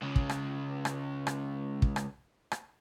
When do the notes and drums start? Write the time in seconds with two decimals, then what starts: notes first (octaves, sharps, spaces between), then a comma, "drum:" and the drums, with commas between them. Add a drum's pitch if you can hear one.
0.02 C#2 C#3
0.16 drum: kick
0.29 drum: rim click
0.85 drum: rim click
1.27 drum: rim click
1.82 drum: kick
1.96 drum: rim click
2.51 drum: rim click